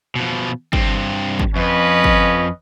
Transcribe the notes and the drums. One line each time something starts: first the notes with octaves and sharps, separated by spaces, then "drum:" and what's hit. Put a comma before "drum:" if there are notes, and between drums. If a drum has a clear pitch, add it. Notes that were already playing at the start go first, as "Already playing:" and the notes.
B2 F3
G2 C4, drum: kick
drum: kick
F2 C#4 B4 D#5
drum: kick